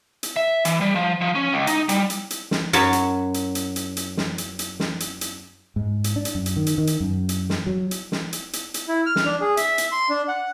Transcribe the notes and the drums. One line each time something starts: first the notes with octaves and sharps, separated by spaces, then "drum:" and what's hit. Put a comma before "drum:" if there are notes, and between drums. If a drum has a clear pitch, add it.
drum: hi-hat
E5
E3, drum: hi-hat
G3
F3
F3
C#4
C#2
D#4, drum: hi-hat
G3, drum: hi-hat
drum: hi-hat
drum: hi-hat
drum: snare
F#2 F#3 C#5 A5 B5, drum: hi-hat
drum: hi-hat
drum: hi-hat
drum: hi-hat
drum: hi-hat
drum: hi-hat
drum: snare
drum: hi-hat
drum: hi-hat
drum: snare
drum: hi-hat
drum: hi-hat
G#2
drum: hi-hat
D4
drum: hi-hat
F#2
drum: hi-hat
D#3
drum: hi-hat
D#3
drum: hi-hat
F#2
drum: hi-hat
drum: snare
F#3
drum: hi-hat
drum: snare
drum: hi-hat
drum: hi-hat
drum: hi-hat
E4
F6
drum: snare
D4
G#4
E5, drum: hi-hat
drum: hi-hat
C6
D4
F#5